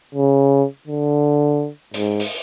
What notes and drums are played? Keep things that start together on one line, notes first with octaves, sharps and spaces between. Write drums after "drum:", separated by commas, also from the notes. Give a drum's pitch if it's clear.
C#3
D3
G#2, drum: hi-hat
drum: open hi-hat